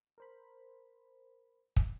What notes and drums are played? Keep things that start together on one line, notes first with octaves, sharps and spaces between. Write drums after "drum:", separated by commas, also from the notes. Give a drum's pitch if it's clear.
A#4 C5 B5
drum: kick